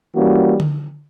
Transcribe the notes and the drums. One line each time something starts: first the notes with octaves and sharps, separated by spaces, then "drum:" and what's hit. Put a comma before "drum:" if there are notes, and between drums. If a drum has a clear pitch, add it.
E3 G3 A#3 C#4 F#4
drum: tom D3